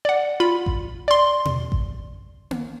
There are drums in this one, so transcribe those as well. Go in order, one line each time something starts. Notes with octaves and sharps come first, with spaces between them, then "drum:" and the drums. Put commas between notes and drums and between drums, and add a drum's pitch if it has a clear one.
D5 F#5
F4 B5
drum: kick A1
D5 C6
drum: tom B2
drum: kick A1
drum: tom A#3